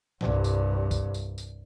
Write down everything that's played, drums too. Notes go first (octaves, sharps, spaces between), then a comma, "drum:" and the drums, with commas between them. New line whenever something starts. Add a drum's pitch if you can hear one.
C2 G2, drum: snare F3
drum: tambourine
drum: kick C2, tambourine
drum: tambourine
drum: tambourine